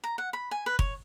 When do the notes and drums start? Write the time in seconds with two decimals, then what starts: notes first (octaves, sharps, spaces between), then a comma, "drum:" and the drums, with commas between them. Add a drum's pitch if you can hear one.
0.04 A#5
0.18 F#5
0.33 B5
0.51 G#5
0.66 B4
0.79 C#5, drum: kick